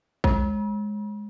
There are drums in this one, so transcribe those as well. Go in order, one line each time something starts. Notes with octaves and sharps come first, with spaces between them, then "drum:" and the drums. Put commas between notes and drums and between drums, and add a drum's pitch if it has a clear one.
G#3, drum: kick A#1